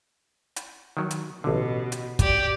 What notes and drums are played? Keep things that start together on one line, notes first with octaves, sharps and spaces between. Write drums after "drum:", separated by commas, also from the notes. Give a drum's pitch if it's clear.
drum: hi-hat
D#3 F#3
drum: hi-hat
A1 B2 D3
drum: hi-hat
G4 D5, drum: kick, hi-hat